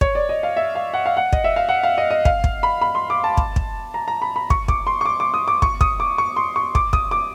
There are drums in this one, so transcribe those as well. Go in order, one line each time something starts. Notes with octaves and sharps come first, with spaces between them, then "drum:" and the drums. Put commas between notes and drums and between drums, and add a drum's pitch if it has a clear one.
C#5, drum: kick
D5
D#5
F5
E5
F5
F#5
F5
F#5
D#5, drum: kick
E5
F5
F#5
F5
D#5
D#5
F5, drum: kick
drum: kick
B5
B5
C6
D6
A5
drum: kick
drum: kick
A#5
A#5
B5
B5
C#6, drum: kick
D6, drum: kick
C6
C#6
D6
D6
D#6
D6
C#6, drum: kick
D#6, drum: kick
D6
C#6
C6
C#6
D6, drum: kick
D#6, drum: kick
D6